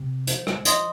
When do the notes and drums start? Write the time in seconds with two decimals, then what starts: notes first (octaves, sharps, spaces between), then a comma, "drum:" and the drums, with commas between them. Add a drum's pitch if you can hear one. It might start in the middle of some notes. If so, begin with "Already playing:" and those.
Already playing: C3
0.27 F3 C5, drum: hi-hat
0.47 G#3, drum: rim click
0.65 F3 D#5 C6 D#6, drum: hi-hat